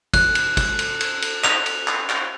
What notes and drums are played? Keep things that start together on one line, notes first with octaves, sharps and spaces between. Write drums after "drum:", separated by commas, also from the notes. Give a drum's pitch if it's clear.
F#6, drum: kick, cymbal
drum: cymbal
drum: kick, cymbal
drum: cymbal
drum: cymbal
drum: cymbal
F7, drum: clap
drum: cymbal
drum: clap
drum: clap